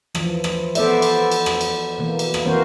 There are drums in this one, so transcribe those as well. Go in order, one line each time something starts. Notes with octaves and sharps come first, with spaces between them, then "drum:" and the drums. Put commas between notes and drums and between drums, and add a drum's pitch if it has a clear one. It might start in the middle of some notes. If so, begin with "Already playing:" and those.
E3 F3, drum: rim click
drum: rim click
B3 A4 C5 D5 E5, drum: cymbal
drum: cymbal
drum: cymbal
drum: rim click
drum: cymbal
B2 E3 A#3
drum: cymbal
drum: rim click
E3 A#3 C4 F#4 A#4 C5